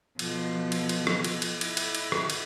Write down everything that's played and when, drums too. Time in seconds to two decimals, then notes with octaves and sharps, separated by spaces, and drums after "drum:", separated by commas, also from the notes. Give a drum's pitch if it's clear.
0.19 B2 F3, drum: cymbal
0.72 drum: cymbal
0.89 drum: cymbal
1.07 drum: rim click
1.24 drum: cymbal
1.42 drum: cymbal
1.61 E4, drum: cymbal
1.77 drum: cymbal
1.95 drum: cymbal
2.12 drum: rim click
2.30 drum: cymbal